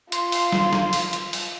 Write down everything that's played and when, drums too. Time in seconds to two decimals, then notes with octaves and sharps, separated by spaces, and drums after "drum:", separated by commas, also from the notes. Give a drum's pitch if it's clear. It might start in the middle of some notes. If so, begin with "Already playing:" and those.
0.12 F4 C6, drum: hi-hat
0.32 drum: open hi-hat
0.52 drum: snare
0.73 drum: snare
0.93 drum: open hi-hat
1.13 drum: hi-hat
1.33 drum: open hi-hat